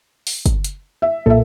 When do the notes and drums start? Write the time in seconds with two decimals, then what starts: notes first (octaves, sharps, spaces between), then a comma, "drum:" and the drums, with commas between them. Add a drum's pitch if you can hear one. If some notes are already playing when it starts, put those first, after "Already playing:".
0.27 drum: open hi-hat
0.46 drum: kick, hi-hat
0.64 drum: hi-hat
1.02 E5
1.26 B1 A#2 A#3 A4 E5